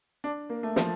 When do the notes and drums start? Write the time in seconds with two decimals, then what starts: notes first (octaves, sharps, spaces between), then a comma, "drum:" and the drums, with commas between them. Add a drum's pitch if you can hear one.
0.24 D4
0.50 A#3
0.63 A3
0.76 F3, drum: snare